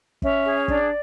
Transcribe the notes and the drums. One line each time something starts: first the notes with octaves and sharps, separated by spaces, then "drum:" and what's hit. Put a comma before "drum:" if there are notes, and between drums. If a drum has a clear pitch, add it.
C#4 E5, drum: kick
G#4
D4 D5, drum: kick